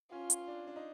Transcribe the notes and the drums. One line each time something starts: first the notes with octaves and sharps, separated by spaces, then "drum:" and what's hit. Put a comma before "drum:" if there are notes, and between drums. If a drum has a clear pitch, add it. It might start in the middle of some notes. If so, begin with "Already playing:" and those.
C#4 F4
drum: hi-hat
D4
D4
D#4